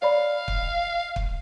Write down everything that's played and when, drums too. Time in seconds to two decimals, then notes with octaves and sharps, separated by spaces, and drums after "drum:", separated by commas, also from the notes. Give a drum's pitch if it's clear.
0.02 C#5 D5 F5 B5
0.48 drum: kick
1.16 drum: kick